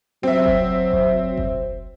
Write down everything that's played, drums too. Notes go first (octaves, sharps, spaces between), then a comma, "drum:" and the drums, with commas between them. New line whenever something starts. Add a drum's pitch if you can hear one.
F#3 C4 E5
drum: kick F1
drum: kick F1
drum: kick F1